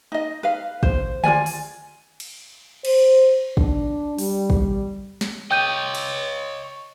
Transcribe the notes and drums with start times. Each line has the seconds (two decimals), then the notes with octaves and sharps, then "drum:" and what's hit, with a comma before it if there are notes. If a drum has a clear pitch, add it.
0.12 D#4 D#5
0.43 B4 F5
0.83 C5, drum: kick
1.24 F4 A#4 D5 G#5, drum: tom D3
1.46 drum: open hi-hat
2.20 drum: cymbal
2.85 C5, drum: cymbal
3.57 D4, drum: kick
4.18 G3, drum: open hi-hat
4.50 drum: kick
5.21 drum: snare
5.51 C#5 D#5 G5 G6 D#7
5.95 drum: cymbal